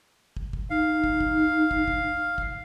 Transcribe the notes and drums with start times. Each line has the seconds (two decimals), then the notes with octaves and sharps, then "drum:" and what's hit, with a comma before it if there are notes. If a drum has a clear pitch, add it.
0.37 drum: kick
0.53 drum: kick
0.70 D#4 F5
1.04 drum: kick
1.20 drum: kick
1.71 drum: kick
1.88 drum: kick
2.38 drum: kick